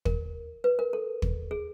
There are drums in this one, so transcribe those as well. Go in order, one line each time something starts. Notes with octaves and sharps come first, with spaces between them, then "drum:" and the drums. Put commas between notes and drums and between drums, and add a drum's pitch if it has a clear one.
A#4, drum: kick
B4
A#4
A4
drum: kick
G#4